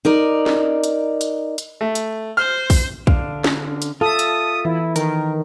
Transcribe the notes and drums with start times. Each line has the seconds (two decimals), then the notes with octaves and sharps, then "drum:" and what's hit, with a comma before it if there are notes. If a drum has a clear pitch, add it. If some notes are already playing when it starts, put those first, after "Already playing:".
0.05 D#4 A#4 D5
0.46 drum: snare
0.84 drum: hi-hat
1.21 drum: hi-hat
1.58 drum: hi-hat
1.81 A3
1.95 drum: hi-hat
2.37 C5 F6
2.70 drum: kick, open hi-hat
3.07 D3 D4 F5, drum: kick
3.44 drum: snare
3.82 drum: hi-hat
4.01 F4 A4 E5 D#6
4.19 drum: hi-hat
4.65 E3 E4
4.96 D#3 A#4, drum: hi-hat